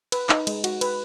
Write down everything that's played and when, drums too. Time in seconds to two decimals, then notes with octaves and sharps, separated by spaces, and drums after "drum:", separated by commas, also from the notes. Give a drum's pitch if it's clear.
0.12 B4, drum: cymbal
0.29 D#4, drum: clap
0.47 G#3, drum: cymbal
0.64 F#4, drum: cymbal
0.81 B4, drum: cymbal